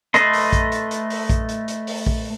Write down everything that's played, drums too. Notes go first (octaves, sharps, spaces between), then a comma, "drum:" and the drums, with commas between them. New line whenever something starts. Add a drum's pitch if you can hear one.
A3 A4 B4 D#5 C6, drum: hi-hat
drum: open hi-hat
drum: kick A#1, hi-hat
drum: hi-hat
drum: hi-hat
drum: open hi-hat
drum: kick A#1, hi-hat
drum: hi-hat
drum: hi-hat
drum: open hi-hat
drum: kick A#1